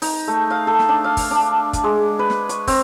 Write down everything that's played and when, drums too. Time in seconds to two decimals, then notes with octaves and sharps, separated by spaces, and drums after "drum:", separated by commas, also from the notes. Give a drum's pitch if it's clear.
0.02 D#4, drum: open hi-hat
0.28 A3
0.50 F5
0.67 A4
0.79 drum: snare
0.89 D4
1.04 F5
1.17 drum: kick, open hi-hat
1.31 D4
1.73 drum: kick, hi-hat
1.84 G#3
2.19 B4
2.30 drum: snare
2.49 C#6, drum: hi-hat
2.67 C4, drum: kick, open hi-hat